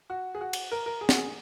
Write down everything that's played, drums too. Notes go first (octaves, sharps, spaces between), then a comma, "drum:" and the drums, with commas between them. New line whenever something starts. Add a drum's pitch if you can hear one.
F#4
G#4
F#4
drum: cymbal
A#4
A#4
G#4
F#4, drum: snare
G#4